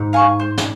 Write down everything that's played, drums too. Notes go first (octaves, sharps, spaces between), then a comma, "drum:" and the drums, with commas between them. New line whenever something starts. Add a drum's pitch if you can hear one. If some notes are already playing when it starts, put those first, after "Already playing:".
Already playing: G#2
F5 G#5 C#6
C5
drum: snare